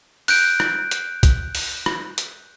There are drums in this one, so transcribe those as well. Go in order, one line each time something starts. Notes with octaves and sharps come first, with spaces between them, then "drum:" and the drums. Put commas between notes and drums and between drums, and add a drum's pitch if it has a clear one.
F#6 G6 D7, drum: open hi-hat
drum: rim click
drum: hi-hat
drum: kick, hi-hat
drum: open hi-hat
drum: rim click
drum: hi-hat